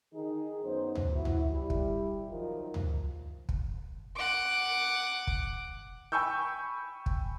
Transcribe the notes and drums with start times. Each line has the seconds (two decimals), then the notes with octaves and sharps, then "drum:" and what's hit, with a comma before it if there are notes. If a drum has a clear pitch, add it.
0.14 D#3 D#4 G#4
0.64 F#2 B3 D#4 C5
0.95 drum: tom
1.14 E4 F#4
1.25 drum: tom
1.52 G3 E4 G4
1.70 drum: kick
2.29 D#3 F3 F#3 D#4 F4 A#4
2.74 drum: tom
3.49 drum: kick
4.16 F#5 D6
5.27 drum: kick
6.12 G5 G#5 B5 C#6 E6 G6
7.06 drum: kick